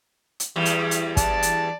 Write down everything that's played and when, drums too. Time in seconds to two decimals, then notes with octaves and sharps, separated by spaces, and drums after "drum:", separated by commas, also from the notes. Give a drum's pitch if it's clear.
0.40 drum: hi-hat
0.56 E2 G3
0.65 drum: hi-hat
0.91 drum: hi-hat
1.17 D5 A5, drum: kick, hi-hat
1.43 drum: hi-hat